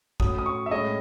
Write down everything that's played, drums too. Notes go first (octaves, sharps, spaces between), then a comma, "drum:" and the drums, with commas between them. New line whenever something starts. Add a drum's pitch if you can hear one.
A2 F#3 C#4 D#6, drum: kick A1
D#6
C#6
E5
A2 G#3 C#4 D#5